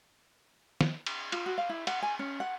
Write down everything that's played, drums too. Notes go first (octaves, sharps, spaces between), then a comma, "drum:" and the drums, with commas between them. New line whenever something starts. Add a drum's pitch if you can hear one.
drum: snare
drum: cymbal
F4, drum: cymbal
F#4
F5
E4
F#5, drum: cymbal
G#5
C#4
F#5